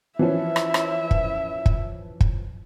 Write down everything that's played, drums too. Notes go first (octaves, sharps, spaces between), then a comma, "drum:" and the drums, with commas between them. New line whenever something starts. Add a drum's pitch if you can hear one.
E3 F3 C#4 E4 E5
drum: rim click
drum: rim click
drum: kick
drum: kick
drum: kick